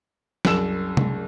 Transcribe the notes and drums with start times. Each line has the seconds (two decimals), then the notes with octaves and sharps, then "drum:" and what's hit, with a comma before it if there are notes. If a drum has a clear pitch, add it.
0.45 C2 F#2 G#4 E6 E7, drum: snare F3
0.97 drum: tom